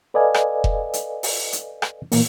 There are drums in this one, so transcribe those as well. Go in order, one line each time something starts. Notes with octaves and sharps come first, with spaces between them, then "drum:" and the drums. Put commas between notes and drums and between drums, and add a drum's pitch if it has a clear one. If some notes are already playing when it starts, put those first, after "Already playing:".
A4 B4 D5 D#5 F5 G#5
drum: rim click
drum: kick F1
drum: hi-hat
drum: open hi-hat
drum: hi-hat
drum: rim click
A#2 E3 A#3, drum: open hi-hat